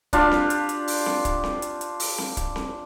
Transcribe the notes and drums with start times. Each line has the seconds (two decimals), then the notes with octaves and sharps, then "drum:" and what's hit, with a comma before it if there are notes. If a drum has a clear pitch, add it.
0.13 D4 F4 G4, drum: kick C#1, hi-hat
0.31 drum: snare C4
0.50 drum: hi-hat
0.69 drum: hi-hat
0.87 drum: open hi-hat
1.06 drum: snare C4
1.25 drum: kick C#1, hi-hat
1.44 drum: snare C4
1.62 drum: hi-hat
1.81 drum: hi-hat
2.00 drum: open hi-hat
2.18 drum: snare C4
2.37 drum: kick C#1, hi-hat
2.56 drum: snare C4